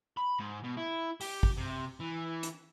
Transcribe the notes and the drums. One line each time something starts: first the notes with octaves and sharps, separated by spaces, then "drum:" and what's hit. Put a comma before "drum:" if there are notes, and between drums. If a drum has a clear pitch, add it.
B5
G#2
B2
E4
G4, drum: open hi-hat
drum: kick A1
C3
E3
drum: hi-hat